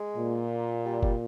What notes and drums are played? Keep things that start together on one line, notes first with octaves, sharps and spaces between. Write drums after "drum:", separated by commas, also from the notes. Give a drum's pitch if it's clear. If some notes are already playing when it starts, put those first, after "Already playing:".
Already playing: G#3
A#2
G3
G3, drum: kick F#1